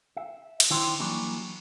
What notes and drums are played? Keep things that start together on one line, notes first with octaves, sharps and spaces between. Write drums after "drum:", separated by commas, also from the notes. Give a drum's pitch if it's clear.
E5
drum: cymbal
D#3 D4 E4 C5 G5 C6
E3 F#3 G3 A#3 D4 E4